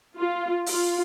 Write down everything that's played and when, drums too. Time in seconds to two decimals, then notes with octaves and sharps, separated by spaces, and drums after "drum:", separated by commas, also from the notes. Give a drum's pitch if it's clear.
0.17 F4
0.66 F4, drum: open hi-hat